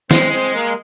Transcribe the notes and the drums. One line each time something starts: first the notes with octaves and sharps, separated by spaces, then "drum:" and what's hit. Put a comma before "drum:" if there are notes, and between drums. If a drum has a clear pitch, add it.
G#3 C4 C5, drum: snare
C4 C5
A#3 A#4